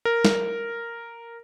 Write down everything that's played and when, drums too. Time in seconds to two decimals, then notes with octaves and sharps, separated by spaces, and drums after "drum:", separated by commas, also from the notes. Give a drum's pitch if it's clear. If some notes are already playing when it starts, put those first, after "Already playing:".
0.05 A#4
0.25 drum: snare